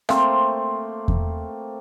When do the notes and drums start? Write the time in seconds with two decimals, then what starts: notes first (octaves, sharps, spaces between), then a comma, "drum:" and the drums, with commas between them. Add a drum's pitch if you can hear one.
0.09 A3 A#3 C4 C5, drum: rim click
1.08 drum: kick E2